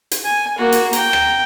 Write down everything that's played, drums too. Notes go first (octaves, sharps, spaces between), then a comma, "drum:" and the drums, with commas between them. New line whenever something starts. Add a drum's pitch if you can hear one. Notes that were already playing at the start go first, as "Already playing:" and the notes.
drum: hi-hat
G#5
A#3 F#4
drum: hi-hat
G5 A#5, drum: hi-hat
drum: rim click